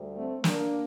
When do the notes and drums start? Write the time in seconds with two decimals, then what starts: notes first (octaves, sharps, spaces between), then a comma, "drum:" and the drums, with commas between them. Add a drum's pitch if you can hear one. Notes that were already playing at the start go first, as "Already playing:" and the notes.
Already playing: D2 D3 G3
0.15 A3 C4
0.44 A#3 D4, drum: snare